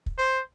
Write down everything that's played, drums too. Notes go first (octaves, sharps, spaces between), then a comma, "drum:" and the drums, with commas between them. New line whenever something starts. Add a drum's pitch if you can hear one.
drum: kick
C5